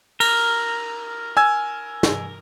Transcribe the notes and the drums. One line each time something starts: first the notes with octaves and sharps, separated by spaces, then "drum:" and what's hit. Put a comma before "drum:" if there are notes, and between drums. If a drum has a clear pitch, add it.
A#4, drum: cymbal
G#5 E6 G#6
drum: snare